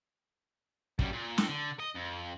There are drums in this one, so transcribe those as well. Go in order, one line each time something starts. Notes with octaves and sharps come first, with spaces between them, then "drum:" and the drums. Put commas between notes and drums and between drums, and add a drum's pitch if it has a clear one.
F#2 G3, drum: kick
A#2
C4 A4, drum: snare
D3
D#5
F2